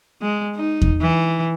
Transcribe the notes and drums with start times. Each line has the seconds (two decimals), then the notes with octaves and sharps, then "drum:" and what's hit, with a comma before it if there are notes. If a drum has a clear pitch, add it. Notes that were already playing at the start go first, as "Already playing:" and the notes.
0.22 G#3
0.55 D#4
0.82 drum: kick E2
1.02 E3